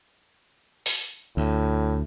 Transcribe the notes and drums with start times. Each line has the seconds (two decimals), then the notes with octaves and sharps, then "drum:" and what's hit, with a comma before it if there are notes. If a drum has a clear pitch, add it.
0.86 drum: open hi-hat
1.37 D2 A2